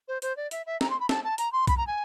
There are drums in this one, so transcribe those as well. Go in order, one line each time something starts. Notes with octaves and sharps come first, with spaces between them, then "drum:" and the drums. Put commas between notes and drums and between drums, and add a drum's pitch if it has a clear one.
C5
C5, drum: hi-hat
D5
E5, drum: hi-hat
E5
A#5, drum: snare
C6
B5
A5, drum: snare
A5
A#5, drum: hi-hat
C6
B5, drum: kick B1, hi-hat
A#5
G#5